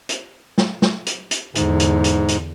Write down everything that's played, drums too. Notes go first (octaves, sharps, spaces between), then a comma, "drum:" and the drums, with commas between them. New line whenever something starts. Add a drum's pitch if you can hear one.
drum: hi-hat
drum: snare
drum: snare
drum: hi-hat
drum: hi-hat
E2 G#2 D3, drum: hi-hat
drum: hi-hat
drum: hi-hat
drum: hi-hat